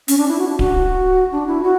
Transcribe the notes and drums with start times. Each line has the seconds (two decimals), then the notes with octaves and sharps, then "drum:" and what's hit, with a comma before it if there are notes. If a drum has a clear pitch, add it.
0.08 C#4, drum: hi-hat
0.18 D4
0.28 E4
0.38 F#4
0.49 D4
0.59 F#4, drum: kick D1
1.32 D4
1.47 E4
1.63 F#4